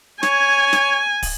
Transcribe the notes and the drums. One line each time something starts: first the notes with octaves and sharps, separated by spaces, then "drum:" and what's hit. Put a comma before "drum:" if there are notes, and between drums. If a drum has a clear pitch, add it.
C#5 G#5, drum: snare
drum: snare
drum: kick, open hi-hat